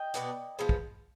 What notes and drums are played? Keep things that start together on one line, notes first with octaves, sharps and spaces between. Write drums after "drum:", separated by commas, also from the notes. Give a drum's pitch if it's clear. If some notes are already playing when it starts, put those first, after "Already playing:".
Already playing: D#5 G5
B2 B3 D4, drum: hi-hat
F3 G#3 B3
drum: kick